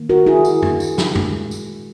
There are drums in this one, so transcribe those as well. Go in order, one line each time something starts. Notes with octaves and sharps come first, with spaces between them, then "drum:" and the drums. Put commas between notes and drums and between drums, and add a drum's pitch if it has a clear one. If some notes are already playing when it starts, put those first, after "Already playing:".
Already playing: D#3 A#3
F#4 A#4
E4 G#4
drum: tambourine
drum: tom F#2
drum: tambourine
drum: snare
A#2 G#3, drum: tom F#2
drum: tambourine